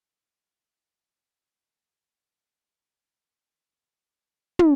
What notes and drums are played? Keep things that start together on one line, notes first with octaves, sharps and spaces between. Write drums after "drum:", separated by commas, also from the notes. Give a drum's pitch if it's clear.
E4
F4
E4
D4
C4
E4
E4
D4
D4
C4
A#3
C4
A#3
D4
D4
D4
E4
D4
E4
C4
D4
E4
F4
D4
C4
D4
drum: tom